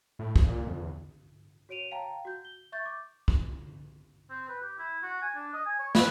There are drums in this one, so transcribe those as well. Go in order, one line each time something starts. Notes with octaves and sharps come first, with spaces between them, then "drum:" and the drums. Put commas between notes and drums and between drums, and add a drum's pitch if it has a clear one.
A2
F2, drum: kick
A#2
F2
E2
F#4 C#5 D7 D#7 F7
F5 G5 A5 A#5
F#4 G6
G7
E5 C#6 G6 A6
D6
drum: kick
C4
B4
G4
E4
F#4
G#5
D4
D#5
G#5
C#5
B4, drum: snare